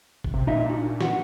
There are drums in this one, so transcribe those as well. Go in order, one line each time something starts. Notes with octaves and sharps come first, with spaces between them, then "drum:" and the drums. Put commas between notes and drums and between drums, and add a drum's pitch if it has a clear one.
drum: kick G#1
C3
A#2 D#4 D#5 E5
D4 D#4 F#4
F#4 F#5, drum: snare